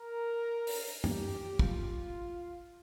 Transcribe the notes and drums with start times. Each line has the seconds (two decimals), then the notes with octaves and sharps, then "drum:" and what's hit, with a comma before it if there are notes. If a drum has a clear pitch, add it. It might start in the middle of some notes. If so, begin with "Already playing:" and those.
Already playing: A#4
0.67 drum: open hi-hat
1.04 G4, drum: tom F#2
1.59 F4, drum: kick